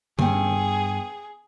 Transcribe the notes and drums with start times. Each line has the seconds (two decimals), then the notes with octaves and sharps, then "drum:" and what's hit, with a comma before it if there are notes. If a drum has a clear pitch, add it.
0.19 G2 B3 G#4 G5, drum: tom D3